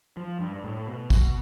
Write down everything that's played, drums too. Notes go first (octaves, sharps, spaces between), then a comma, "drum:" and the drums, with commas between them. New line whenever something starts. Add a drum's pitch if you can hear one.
F3
G2
G2
A2
B2
B2, drum: kick, tambourine